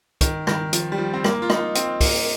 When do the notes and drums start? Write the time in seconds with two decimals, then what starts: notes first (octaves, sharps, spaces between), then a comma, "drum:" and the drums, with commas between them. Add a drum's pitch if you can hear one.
0.21 D#3, drum: kick, hi-hat
0.47 D#3, drum: rim click
0.73 F3, drum: hi-hat
0.92 G3
0.98 F3
1.13 C4
1.24 A#3, drum: rim click
1.42 F4
1.50 D#4, drum: rim click
1.75 C4, drum: hi-hat
2.01 A#3, drum: kick, open hi-hat